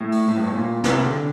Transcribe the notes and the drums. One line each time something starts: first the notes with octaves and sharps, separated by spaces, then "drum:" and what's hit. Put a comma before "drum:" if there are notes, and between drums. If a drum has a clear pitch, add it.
A2
drum: open hi-hat
A2
G2
A2
A#2
C3, drum: snare
D3